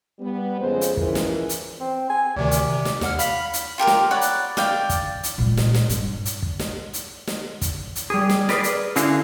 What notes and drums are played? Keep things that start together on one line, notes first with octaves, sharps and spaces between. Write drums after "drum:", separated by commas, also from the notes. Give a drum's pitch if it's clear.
G3 B3
F2 C#3 G#3 C5
drum: hi-hat
C#3 E3 F3 A#4, drum: kick
drum: snare
drum: hi-hat
C4
G#5
D2 C3 D#3 D5
drum: hi-hat
C3
drum: snare
D#2 F#5 F6, drum: snare
F5 B5 B6, drum: hi-hat
drum: hi-hat
F4 G4 A4 A#4
drum: snare
C#5 D5 F#5 B5
drum: hi-hat
D5 F5 G5, drum: snare
drum: kick, hi-hat
drum: hi-hat
A#2 G#3
drum: snare
drum: snare
G2, drum: hi-hat
drum: hi-hat
drum: kick
drum: snare
drum: hi-hat
drum: snare
drum: kick, hi-hat
drum: hi-hat
G3 G#4
drum: snare
G#4 A#4 B4 D5, drum: snare
drum: hi-hat
D3 C#4 E4 F#4 F5, drum: hi-hat